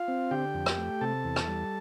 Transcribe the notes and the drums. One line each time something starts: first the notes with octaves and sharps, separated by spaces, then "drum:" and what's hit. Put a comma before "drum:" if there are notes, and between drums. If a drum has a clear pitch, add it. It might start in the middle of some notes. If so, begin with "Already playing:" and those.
Already playing: F4 F5
C4
D3 G4 G5
F2
drum: rim click
A3
C3 A4 A5
E2
drum: rim click
G3